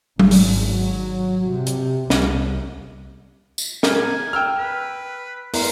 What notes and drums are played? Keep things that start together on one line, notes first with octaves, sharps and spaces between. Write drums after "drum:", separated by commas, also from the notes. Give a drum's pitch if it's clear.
G#1, drum: tom F#3
drum: open hi-hat
F#3
C3
drum: hi-hat
C2, drum: snare
drum: tambourine
A#4 G#5, drum: snare
G5 E6 F6
B4
B3 E4 A#4 C6, drum: open hi-hat